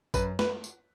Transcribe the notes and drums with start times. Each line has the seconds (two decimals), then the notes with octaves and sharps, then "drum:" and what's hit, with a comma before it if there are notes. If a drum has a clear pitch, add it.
0.14 F#2 B4, drum: kick G#1, tambourine
0.39 B4, drum: snare
0.64 drum: tambourine